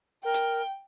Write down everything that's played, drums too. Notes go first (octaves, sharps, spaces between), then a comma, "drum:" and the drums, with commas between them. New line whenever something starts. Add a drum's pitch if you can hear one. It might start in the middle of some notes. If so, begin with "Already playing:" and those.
A#4 G5
drum: hi-hat